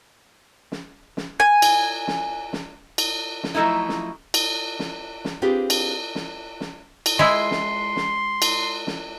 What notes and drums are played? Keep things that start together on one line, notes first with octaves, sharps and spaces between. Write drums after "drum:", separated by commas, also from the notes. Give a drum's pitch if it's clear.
drum: snare
drum: snare
G#5
drum: cymbal
drum: snare
drum: snare
drum: cymbal
drum: snare
F3 F#3 A3 D#4 E4
drum: snare
drum: cymbal
drum: snare
drum: snare
C4 D4 F4 G4 G#4 B4
drum: cymbal
drum: snare
drum: snare
drum: cymbal
G#3 E4 C6
drum: snare
drum: snare
drum: cymbal
drum: snare